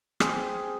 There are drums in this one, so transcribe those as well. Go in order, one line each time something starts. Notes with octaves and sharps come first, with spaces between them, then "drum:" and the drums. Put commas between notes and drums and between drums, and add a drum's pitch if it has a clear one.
C4 G#4 C5, drum: rim click